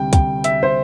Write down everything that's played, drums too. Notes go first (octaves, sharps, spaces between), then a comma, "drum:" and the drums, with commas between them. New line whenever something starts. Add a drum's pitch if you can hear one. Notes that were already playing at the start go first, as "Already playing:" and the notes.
Already playing: D2 C3 G3 G5
G5, drum: kick, hi-hat
E5, drum: hi-hat
C5